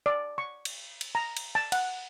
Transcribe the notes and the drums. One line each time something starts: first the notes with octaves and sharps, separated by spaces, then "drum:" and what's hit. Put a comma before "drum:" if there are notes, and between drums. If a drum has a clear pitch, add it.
D5
C#6
drum: cymbal
drum: cymbal
A#5
drum: cymbal
A5
F#5, drum: cymbal